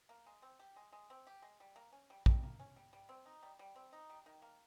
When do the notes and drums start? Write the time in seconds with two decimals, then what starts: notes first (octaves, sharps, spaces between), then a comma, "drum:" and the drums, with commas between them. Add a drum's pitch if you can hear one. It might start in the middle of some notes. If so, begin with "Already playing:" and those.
0.09 A#3
0.26 G#3
0.42 C4
0.60 G4
0.76 G#3
0.92 G#3
1.10 C4
1.27 G4
1.42 G#3
1.60 G3
1.76 A#3
1.93 C#4
2.10 G3
2.26 G3, drum: kick
2.43 A#3
2.59 C#4
2.76 G3
2.93 G3
3.09 C4
3.26 D#4
3.43 G3
3.59 G3
3.76 C4
3.92 D#4
4.10 G3
4.26 D#3
4.42 A#3